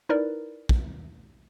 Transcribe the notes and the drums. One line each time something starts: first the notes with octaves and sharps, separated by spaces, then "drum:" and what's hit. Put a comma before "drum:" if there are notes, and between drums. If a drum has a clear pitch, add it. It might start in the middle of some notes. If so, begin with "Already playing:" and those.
D#4 E4 A#4 B4 D5
drum: kick